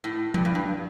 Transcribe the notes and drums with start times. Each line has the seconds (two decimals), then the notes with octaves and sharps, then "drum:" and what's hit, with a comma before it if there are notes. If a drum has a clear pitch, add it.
0.04 A2
0.34 G2, drum: tom F3
0.45 G2
0.55 G2